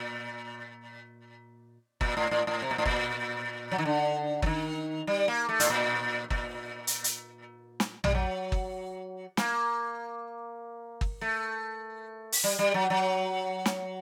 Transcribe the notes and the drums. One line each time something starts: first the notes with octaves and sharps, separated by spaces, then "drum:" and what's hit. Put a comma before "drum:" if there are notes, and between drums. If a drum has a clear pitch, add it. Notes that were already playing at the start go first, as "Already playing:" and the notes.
Already playing: A#2
A#2, drum: kick G1
A2
A2
A2
C3
A#2
A2
A#2, drum: kick G1
F#3
D#3
D3
F#3, drum: kick G1
D#3
G3
A#3
A3
A2, drum: hi-hat
A#2
A#2, drum: kick G1
drum: hi-hat
drum: hi-hat
drum: snare
G3, drum: tom
F#3
drum: kick G1
A#3, drum: snare
drum: kick G1
A3
drum: open hi-hat
G3
G3
F#3
F#3
drum: snare